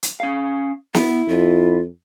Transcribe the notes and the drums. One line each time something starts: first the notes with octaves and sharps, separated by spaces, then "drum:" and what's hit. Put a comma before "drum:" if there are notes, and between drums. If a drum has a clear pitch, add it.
drum: hi-hat
C#4 F5
B3 E4, drum: snare
F2 F4